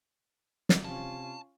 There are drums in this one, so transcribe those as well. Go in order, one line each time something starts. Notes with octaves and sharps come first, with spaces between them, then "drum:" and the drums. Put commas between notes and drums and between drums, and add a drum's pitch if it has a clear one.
drum: snare
C3 C#4 F4 A5